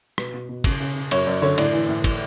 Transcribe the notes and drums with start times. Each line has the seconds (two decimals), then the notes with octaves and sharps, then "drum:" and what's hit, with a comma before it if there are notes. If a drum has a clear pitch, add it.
0.18 B2 B4, drum: rim click
0.34 B2
0.49 B2
0.64 C#3, drum: kick, cymbal
0.80 C#3
0.96 C#3
1.11 F#2 C#5, drum: cymbal
1.27 F#2 D5
1.42 D3 C#5
1.58 A2 D5, drum: cymbal
1.73 E3
1.89 A2
2.04 drum: kick, cymbal